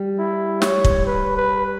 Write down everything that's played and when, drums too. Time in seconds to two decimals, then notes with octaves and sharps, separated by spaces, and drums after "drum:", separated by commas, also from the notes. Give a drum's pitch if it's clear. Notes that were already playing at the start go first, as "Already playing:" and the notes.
Already playing: G3
0.18 E4
0.62 C#5, drum: snare
0.84 drum: kick
1.07 B4
1.37 B4